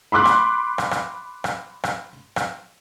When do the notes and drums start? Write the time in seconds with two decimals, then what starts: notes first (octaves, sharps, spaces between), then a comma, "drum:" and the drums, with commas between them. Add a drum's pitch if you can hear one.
0.12 B5 C6 D6 F#6
0.25 drum: rim click
0.78 drum: rim click
0.91 drum: rim click
1.44 drum: rim click
1.84 drum: rim click
2.36 drum: rim click